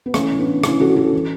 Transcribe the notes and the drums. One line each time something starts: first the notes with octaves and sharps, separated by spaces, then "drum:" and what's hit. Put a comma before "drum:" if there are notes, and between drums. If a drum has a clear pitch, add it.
B3
E3 A3 C#4, drum: rim click
A2
B3 D4
E3
E3 C#4 E4, drum: rim click
E3 F#4 A4
E3 F#4 A4
E3